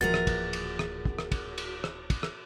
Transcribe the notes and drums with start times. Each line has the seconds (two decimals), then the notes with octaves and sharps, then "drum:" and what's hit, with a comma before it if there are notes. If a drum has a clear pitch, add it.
0.01 D1 A#2 E3 F3 F#4 G#4 A#4 A6
0.14 drum: rim click
0.27 drum: kick, cymbal
0.53 drum: cymbal
0.79 drum: rim click
1.05 drum: kick
1.19 drum: rim click
1.32 drum: kick, cymbal
1.58 drum: cymbal
1.84 drum: rim click
2.10 drum: kick, cymbal
2.23 drum: rim click